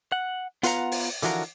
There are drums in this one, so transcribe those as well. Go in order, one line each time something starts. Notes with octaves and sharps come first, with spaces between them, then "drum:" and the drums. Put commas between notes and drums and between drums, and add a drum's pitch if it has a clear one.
F#5
B3 F4 B4 F5 F#5 A#5, drum: hi-hat
drum: open hi-hat
D3 E3 F3 F#4 A#4, drum: hi-hat